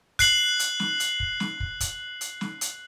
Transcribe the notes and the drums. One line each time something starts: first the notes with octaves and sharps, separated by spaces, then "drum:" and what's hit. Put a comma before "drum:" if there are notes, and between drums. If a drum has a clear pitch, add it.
F#6 C7 F#7, drum: kick, hi-hat
drum: hi-hat
drum: snare
drum: hi-hat
drum: kick
drum: snare
drum: kick
drum: kick, hi-hat
drum: hi-hat
drum: snare
drum: hi-hat